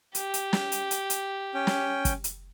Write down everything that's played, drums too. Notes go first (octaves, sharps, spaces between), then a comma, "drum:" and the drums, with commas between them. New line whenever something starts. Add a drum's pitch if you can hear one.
G4, drum: hi-hat
drum: hi-hat
drum: snare
drum: hi-hat
drum: hi-hat
drum: hi-hat
C#4 G5
drum: snare
drum: kick F#1, hi-hat
drum: hi-hat